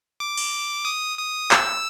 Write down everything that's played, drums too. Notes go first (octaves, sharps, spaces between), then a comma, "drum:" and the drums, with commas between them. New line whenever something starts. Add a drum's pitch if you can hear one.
D6
drum: cymbal
D#6
D#6
E6, drum: clap